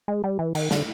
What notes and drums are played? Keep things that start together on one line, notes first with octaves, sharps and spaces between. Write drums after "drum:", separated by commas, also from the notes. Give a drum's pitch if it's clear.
G#3
G3
E3
D#3, drum: cymbal
D3, drum: snare